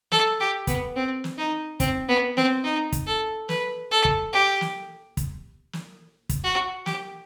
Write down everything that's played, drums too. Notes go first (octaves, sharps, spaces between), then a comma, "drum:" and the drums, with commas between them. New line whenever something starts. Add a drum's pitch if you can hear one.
A4, drum: snare
G4
B3, drum: kick, hi-hat
C4
drum: snare
D#4
C4, drum: kick, hi-hat
B3
C4, drum: snare
D#4
drum: kick, hi-hat
A4
B4, drum: snare
A4
drum: kick
G4
drum: snare
drum: kick, hi-hat
drum: snare
drum: kick, hi-hat
F#4
G4, drum: snare